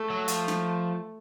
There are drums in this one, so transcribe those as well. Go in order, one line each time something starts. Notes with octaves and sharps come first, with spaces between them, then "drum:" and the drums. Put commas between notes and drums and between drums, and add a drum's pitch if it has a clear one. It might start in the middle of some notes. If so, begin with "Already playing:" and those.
Already playing: A3
F#3
F3, drum: hi-hat
drum: snare